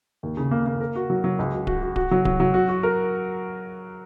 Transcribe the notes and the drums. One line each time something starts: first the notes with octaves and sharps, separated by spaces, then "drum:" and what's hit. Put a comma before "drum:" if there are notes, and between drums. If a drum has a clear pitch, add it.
D#2
C#3
A#3
A#3
A#4
F#4
F#3
F#3
C#2
F#4
F#4, drum: kick D1
F#4
F#4, drum: kick D1
F#3
F#3, drum: kick D1
F#3
F#4
F#4
A#4